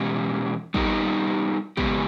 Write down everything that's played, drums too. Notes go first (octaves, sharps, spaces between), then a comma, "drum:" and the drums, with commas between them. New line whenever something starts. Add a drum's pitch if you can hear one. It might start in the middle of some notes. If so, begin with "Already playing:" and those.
Already playing: E2 B2 G#3 C#4 G4
G3 B3 D#4 G4 A#4, drum: kick
C#3 G#3 B3 G4, drum: kick